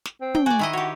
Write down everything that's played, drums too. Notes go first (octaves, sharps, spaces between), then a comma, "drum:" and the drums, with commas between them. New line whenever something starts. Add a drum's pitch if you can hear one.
drum: snare
C4
G5, drum: tom
F#4 D5 G#5
D#3 E4 D#5
F#4 G4 C#5